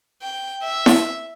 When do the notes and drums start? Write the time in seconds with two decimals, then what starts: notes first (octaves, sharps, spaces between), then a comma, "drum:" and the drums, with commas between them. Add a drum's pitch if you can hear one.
0.22 G5
0.63 E5
0.86 drum: snare E4